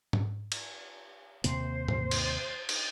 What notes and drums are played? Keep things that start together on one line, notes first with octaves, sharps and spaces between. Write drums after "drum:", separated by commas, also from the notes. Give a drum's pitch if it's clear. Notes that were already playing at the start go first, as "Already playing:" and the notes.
drum: tom G#2
drum: cymbal
D#2 C3 A#3 C5, drum: hi-hat
drum: tom G#2
drum: cymbal
drum: cymbal